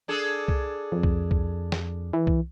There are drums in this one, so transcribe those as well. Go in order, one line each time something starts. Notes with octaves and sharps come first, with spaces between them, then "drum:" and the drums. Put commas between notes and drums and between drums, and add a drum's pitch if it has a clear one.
D4 G#4 A4
drum: kick C2
F2
drum: kick C2
drum: kick C2
drum: snare
E3
drum: kick C2